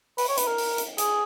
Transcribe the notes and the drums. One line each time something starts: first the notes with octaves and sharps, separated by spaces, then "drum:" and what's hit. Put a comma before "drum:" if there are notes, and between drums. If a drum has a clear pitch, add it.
B4, drum: open hi-hat
C#5
B4, drum: hi-hat
A#4
drum: open hi-hat
drum: hi-hat
G#4, drum: hi-hat